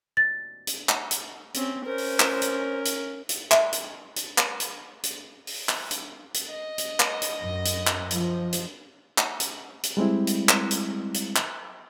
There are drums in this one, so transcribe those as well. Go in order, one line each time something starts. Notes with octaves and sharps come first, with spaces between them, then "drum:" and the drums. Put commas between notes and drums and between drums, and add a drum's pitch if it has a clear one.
A6
drum: hi-hat
drum: clap
drum: hi-hat
C4 C#4, drum: hi-hat
C#4 A#4 C5
drum: open hi-hat
drum: clap
drum: hi-hat
drum: hi-hat
drum: hi-hat
E5, drum: clap
drum: hi-hat
drum: hi-hat
drum: clap
drum: hi-hat
drum: hi-hat
drum: open hi-hat
drum: clap
drum: hi-hat
drum: hi-hat
D#5
drum: hi-hat
drum: clap
drum: hi-hat
F#2
drum: hi-hat
drum: clap
F3, drum: hi-hat
drum: hi-hat
drum: clap
drum: hi-hat
drum: hi-hat
G3 G#3 C4 E4
drum: hi-hat
drum: clap
drum: hi-hat
drum: hi-hat
drum: clap